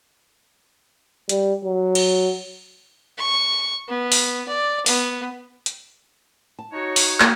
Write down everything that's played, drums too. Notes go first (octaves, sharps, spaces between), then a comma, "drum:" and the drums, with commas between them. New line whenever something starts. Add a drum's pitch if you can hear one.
G3, drum: hi-hat
F#3
drum: cymbal
C#6
B3
drum: open hi-hat
D5
B3, drum: open hi-hat
drum: hi-hat
A5
D#4 F#4 C#5
drum: open hi-hat
A#3, drum: clap